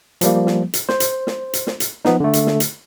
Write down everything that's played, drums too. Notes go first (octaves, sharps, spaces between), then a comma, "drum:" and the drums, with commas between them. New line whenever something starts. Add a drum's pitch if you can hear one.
F3 G3 A#3, drum: hi-hat
drum: snare
drum: hi-hat
C5, drum: snare
drum: hi-hat
drum: snare
drum: hi-hat
drum: snare
drum: hi-hat
F3 B3 D#4, drum: snare
D3 A3
drum: hi-hat
drum: snare
drum: hi-hat